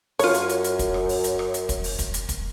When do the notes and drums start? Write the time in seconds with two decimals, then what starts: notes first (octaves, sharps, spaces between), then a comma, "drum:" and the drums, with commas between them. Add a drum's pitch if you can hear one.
0.19 F#2 F4 C#5, drum: open hi-hat
0.34 drum: hi-hat
0.49 drum: hi-hat
0.64 drum: hi-hat
0.79 drum: kick, hi-hat
0.94 drum: rim click
1.09 drum: open hi-hat
1.24 drum: hi-hat
1.39 drum: rim click
1.54 drum: hi-hat
1.69 drum: kick, hi-hat
1.84 drum: open hi-hat
1.99 drum: kick, hi-hat
2.14 drum: hi-hat
2.29 drum: kick, hi-hat